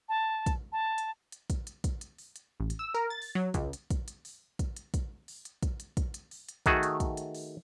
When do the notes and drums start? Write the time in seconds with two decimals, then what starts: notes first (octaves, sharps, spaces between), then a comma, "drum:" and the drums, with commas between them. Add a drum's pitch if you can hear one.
0.09 A5
0.46 drum: kick, hi-hat
0.72 A5
0.98 drum: hi-hat
1.32 drum: hi-hat
1.50 drum: kick, hi-hat
1.67 drum: hi-hat
1.84 drum: kick, hi-hat
2.01 drum: hi-hat
2.18 drum: open hi-hat
2.36 drum: hi-hat
2.60 A1
2.70 drum: hi-hat
2.79 E6
2.94 A#4
3.10 A6
3.22 drum: open hi-hat
3.35 F#3
3.54 C#2, drum: kick, hi-hat
3.73 drum: hi-hat
3.90 drum: kick, hi-hat
4.08 drum: hi-hat
4.25 drum: open hi-hat
4.59 drum: kick, hi-hat
4.77 drum: hi-hat
4.94 drum: kick, hi-hat
5.28 drum: open hi-hat
5.45 drum: hi-hat
5.63 drum: kick, hi-hat
5.80 drum: hi-hat
5.97 drum: kick, hi-hat
6.14 drum: hi-hat
6.31 drum: open hi-hat
6.49 drum: hi-hat
6.66 D#3 A3 F#4 G#4, drum: kick, hi-hat
6.83 drum: hi-hat
7.00 drum: kick, hi-hat
7.17 drum: hi-hat
7.35 drum: open hi-hat